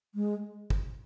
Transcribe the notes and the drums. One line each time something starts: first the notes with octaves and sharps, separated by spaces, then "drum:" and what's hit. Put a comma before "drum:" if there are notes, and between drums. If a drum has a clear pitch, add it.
G#3
drum: kick